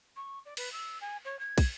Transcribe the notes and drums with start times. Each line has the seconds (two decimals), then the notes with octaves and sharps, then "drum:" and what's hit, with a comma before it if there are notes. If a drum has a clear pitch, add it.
0.16 C#6
0.45 D5
0.57 B4, drum: cymbal
0.72 E6
1.01 G#5
1.24 C#5
1.39 G#6
1.58 drum: kick, cymbal